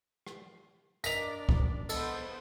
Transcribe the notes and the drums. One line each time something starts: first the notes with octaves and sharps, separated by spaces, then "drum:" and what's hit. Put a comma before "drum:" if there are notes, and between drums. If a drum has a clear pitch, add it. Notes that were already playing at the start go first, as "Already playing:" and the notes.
drum: rim click
D4 A#4 D5 D#5 B6 F7, drum: tambourine
drum: kick C2
B3 A4 C5 D#5, drum: cymbal